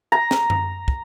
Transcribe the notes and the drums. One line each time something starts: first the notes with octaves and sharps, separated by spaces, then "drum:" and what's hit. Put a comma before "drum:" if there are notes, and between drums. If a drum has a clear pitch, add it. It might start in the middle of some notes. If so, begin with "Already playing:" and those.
A#5
drum: snare
drum: tom F#2
drum: kick